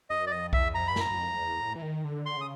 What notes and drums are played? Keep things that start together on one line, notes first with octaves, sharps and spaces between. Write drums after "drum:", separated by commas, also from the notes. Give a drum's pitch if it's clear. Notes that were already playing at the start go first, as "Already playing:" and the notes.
F#2 D#5
D5
F2 D#5
E2 E5, drum: kick B1
F2 A#5
G2 B5
F#2 A#5, drum: snare
F#2
F2
E2
A2
E3
D#3
D3
C6
C#3 D#6